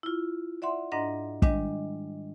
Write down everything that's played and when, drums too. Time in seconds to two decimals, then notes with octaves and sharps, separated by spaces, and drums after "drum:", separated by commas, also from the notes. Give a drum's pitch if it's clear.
0.03 E4 F4
0.62 D5 E5 F#5 C6
0.92 G#2 D4 D#5 F#5 A#5 A#6
1.42 D#3 G3 G#3 D4 D#5, drum: kick